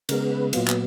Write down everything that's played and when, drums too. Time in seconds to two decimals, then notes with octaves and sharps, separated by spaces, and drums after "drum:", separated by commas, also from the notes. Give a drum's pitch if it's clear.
0.09 C#3 G#3 B3 A#4, drum: cymbal
0.31 B4
0.53 A#2 F#3 B3 F4, drum: cymbal
0.68 drum: clap